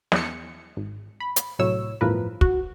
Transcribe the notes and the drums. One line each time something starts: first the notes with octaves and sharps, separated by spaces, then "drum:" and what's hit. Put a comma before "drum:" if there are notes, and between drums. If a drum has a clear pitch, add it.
E2 C#7, drum: snare
G#1
B5
drum: hi-hat
C2 A2 F#3 C#5 E6
G1 E2 A2 F3 A#4 B4
F#4, drum: kick